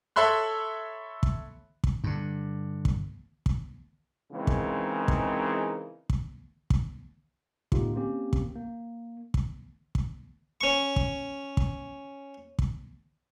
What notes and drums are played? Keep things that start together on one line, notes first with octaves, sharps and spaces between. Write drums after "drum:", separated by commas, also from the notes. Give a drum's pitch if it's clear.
A4 C#5 E5 B5 C6 F#6
drum: kick
drum: kick
G2 D3
drum: kick
drum: kick
C#3 E3 G#3 A#3 C4 D#4
drum: kick
drum: kick
drum: kick
drum: kick
A2 D3 B3 D#4 F4 G4, drum: kick
A#3 C4 C#4 G4
drum: kick
A#3
drum: kick
drum: kick
C#4 C#6
drum: kick
drum: kick
drum: kick